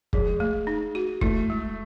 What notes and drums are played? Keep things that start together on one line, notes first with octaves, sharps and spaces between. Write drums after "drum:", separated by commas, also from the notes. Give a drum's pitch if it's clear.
F3 G#3, drum: kick
A3
D#4
F#4
A3 E4, drum: kick
G#3